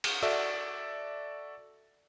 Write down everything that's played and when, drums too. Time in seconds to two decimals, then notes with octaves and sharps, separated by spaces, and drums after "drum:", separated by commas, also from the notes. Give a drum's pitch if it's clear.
0.04 drum: cymbal
0.22 F#4 A4 D5 E5